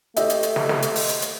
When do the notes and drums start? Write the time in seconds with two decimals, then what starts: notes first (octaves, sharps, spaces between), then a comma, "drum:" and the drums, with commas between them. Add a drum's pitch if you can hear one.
0.16 A3 G4 D#5 E5, drum: hi-hat
0.30 drum: hi-hat
0.43 drum: hi-hat
0.56 drum: snare
0.69 drum: snare
0.82 drum: hi-hat
0.96 drum: open hi-hat
1.09 drum: hi-hat
1.22 drum: hi-hat